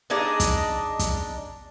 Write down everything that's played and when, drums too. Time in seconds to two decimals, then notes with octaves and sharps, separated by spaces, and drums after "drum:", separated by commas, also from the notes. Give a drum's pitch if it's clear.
0.10 D4 D#4 G#4 D#5
0.40 drum: kick, hi-hat
0.99 drum: kick, hi-hat